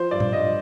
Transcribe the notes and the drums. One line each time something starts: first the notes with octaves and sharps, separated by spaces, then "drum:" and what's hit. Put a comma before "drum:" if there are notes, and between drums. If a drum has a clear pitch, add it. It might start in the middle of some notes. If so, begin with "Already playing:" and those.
Already playing: F3 C5
G2 D5
drum: tom A#2
G2 D#5